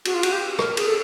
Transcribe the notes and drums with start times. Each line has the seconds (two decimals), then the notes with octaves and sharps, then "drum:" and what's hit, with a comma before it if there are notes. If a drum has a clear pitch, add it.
0.05 F#4, drum: cymbal
0.14 F4
0.23 F#4, drum: cymbal
0.32 G4
0.59 A#4, drum: rim click
0.77 G#4, drum: cymbal
0.87 A4